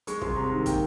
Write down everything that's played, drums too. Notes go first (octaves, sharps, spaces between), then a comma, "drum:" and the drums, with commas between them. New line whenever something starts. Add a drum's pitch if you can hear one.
G#3 C#6, drum: hi-hat
C2 C6, drum: kick
C3 A#5
D#3
A#3 G5, drum: kick, hi-hat